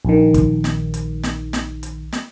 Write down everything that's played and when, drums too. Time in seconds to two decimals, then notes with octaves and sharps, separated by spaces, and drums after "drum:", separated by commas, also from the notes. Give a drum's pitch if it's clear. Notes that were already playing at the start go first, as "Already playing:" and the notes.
0.05 A#1 D#3
0.34 drum: kick, hi-hat
0.64 drum: snare
0.94 drum: hi-hat
1.23 drum: snare
1.53 drum: snare
1.83 drum: hi-hat
2.12 drum: snare